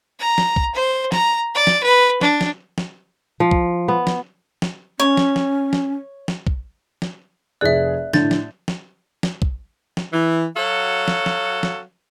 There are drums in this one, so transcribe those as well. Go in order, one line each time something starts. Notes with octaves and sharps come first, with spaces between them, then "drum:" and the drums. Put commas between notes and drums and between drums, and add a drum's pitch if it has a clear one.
A#5
drum: snare
drum: kick
C5
A#5, drum: snare
D5
drum: snare
B4
D4, drum: snare
drum: snare
drum: snare
F3
drum: kick
B3
drum: snare
drum: snare
C#4 C#5
drum: snare
drum: snare
drum: snare
drum: snare
drum: kick
drum: snare
F1 G#4 D5 E5 F#6
A2 D3 G6 A6, drum: snare
drum: snare
drum: snare
drum: snare
drum: kick
drum: snare
E3
F#3 F#4 A4 C#5 F5
drum: snare
drum: snare
drum: snare